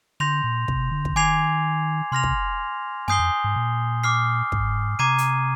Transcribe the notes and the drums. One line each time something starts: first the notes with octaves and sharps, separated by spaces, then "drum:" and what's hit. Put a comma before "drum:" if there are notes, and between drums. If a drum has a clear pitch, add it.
D3 C6 G6 A#6 F7
A#2
C3, drum: kick
D3
drum: kick
D#3 G#5 D6 G#6 C7 F7
C3 C6 F6 A#6 F7
drum: kick
G2 G#5 D#6 G6 C7 G7, drum: snare
F2
G#2
A#2
D6 F6 C7
G#2, drum: kick
C3 A#5 D6 G#6 C7 D#7
drum: hi-hat